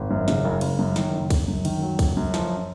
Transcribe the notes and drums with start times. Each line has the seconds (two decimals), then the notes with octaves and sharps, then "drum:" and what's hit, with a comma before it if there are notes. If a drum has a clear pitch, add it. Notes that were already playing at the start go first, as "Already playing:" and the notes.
Already playing: G#1
0.10 F#2
0.28 C#3, drum: snare
0.45 F#1
0.61 F#1, drum: cymbal
0.79 F#2
0.96 D#3, drum: snare
1.13 F#1
1.30 F#1, drum: kick C2, cymbal
1.48 F#2
1.65 D#3, drum: cymbal
1.82 F#3
1.99 F#1, drum: kick C2, cymbal
2.17 F#2
2.34 F3, drum: snare